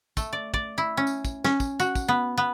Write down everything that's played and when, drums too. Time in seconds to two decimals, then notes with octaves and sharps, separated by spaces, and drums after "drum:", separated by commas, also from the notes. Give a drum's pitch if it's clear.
0.17 A3, drum: kick, tambourine
0.33 D5
0.54 D5, drum: kick
0.78 E4
0.97 C#4
1.07 drum: tambourine
1.25 drum: kick, tambourine
1.44 C#4, drum: snare
1.60 drum: kick, tambourine
1.80 F#4, drum: tambourine
1.95 drum: kick, tambourine
2.08 B3
2.37 B3